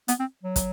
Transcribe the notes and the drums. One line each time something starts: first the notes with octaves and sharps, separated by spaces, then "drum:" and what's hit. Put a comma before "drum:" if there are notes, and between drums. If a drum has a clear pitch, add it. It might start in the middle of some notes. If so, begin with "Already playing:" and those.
B3, drum: hi-hat
C4
F#3
drum: kick, hi-hat